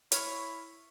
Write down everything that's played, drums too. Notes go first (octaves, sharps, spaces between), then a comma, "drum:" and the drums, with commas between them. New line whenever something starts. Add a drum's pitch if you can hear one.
E4 C#5 C#6 F6, drum: hi-hat